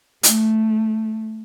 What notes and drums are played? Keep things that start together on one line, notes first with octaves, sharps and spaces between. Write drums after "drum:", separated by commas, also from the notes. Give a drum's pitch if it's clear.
A3, drum: hi-hat